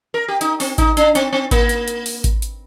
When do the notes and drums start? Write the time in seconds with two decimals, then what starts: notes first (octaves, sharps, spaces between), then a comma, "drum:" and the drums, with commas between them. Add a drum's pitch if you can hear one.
0.14 A#4
0.28 G4
0.41 D#4, drum: hi-hat
0.60 C4, drum: open hi-hat
0.78 D#4, drum: kick G#1, hi-hat
0.97 D4, drum: hi-hat
1.15 C4, drum: hi-hat
1.33 C4
1.51 A#3, drum: kick G#1, hi-hat
1.69 drum: hi-hat
1.88 drum: hi-hat
2.06 drum: open hi-hat
2.24 drum: kick G#1, hi-hat
2.42 drum: hi-hat